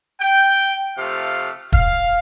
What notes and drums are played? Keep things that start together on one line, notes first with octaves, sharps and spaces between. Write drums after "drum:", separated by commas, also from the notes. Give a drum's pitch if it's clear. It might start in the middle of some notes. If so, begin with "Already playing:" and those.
G5
C3 F3 A3 F5
F5, drum: kick